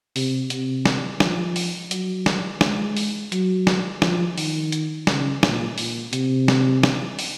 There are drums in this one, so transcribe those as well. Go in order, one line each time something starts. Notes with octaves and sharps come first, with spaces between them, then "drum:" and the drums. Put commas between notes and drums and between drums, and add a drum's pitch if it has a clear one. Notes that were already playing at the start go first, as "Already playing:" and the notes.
C3, drum: open hi-hat
C3, drum: hi-hat
drum: snare
F3, drum: snare
drum: open hi-hat
F#3, drum: hi-hat
drum: snare
G#3, drum: snare
drum: open hi-hat
F#3, drum: hi-hat
drum: snare
F3, drum: snare
D#3, drum: open hi-hat
drum: hi-hat
C#3, drum: snare
A#2, drum: snare
A#2, drum: open hi-hat
C3, drum: hi-hat
drum: snare
drum: snare
drum: open hi-hat